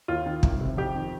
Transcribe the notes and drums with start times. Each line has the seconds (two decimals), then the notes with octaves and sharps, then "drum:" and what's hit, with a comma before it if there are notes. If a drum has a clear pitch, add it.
0.08 D#2 F4
0.26 D#3
0.43 C2, drum: kick
0.61 C3
0.77 F2 G4
0.95 D#3